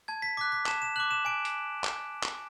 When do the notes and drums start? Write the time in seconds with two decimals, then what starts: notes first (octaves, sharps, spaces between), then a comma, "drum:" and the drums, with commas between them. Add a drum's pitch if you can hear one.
0.08 A5 G#6
0.22 B6
0.37 D6 F#6 B6
0.52 B6
0.66 A5 E7, drum: clap
0.82 E7
0.96 D6 F#6 F#7
1.11 E7
1.25 G#5 D7
1.45 drum: hi-hat
1.84 drum: clap
2.23 drum: clap